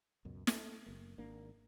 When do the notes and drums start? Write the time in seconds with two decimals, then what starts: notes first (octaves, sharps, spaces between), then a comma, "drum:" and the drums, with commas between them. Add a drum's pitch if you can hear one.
0.25 C#2 F#2 B2
0.47 A3, drum: snare
0.86 F#1 A#3
1.18 G#1 A#3 D4